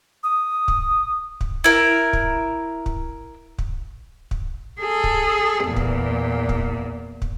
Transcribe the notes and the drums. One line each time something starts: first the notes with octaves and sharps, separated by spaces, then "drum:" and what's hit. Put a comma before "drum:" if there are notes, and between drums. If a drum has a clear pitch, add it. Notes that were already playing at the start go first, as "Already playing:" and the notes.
D#6
drum: kick
drum: kick
E4 A#4
drum: kick
drum: kick
drum: kick
drum: kick
G#4 A4
drum: kick
E2 A#2
drum: kick
drum: kick
drum: kick